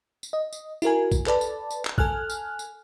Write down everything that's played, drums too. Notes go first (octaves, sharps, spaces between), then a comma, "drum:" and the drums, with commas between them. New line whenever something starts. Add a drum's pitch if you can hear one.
drum: tambourine
D#5
drum: tambourine
E4 F#4 A#4 G#5, drum: tambourine
drum: kick, tambourine
A4 B4 D5 A5, drum: clap
drum: tambourine
drum: tambourine
drum: clap
A4 G#5 F6 F#6, drum: kick
drum: tambourine
drum: tambourine